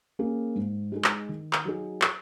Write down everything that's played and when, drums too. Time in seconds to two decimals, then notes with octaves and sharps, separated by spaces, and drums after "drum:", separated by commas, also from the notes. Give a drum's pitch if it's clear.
0.19 A#3 C#4 G#4
0.55 G#2
0.92 G#3 D#4 G#4
1.04 drum: clap
1.29 D#3
1.53 drum: clap
1.65 F#3 D#4 G#4
2.02 drum: clap